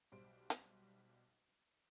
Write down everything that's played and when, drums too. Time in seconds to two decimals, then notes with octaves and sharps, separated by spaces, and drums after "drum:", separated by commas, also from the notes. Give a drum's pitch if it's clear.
0.12 B1 G3 C5 D7
0.50 drum: hi-hat